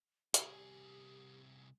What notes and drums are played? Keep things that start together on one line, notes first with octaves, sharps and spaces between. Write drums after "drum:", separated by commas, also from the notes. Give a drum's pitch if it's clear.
C2 G4 G#4, drum: hi-hat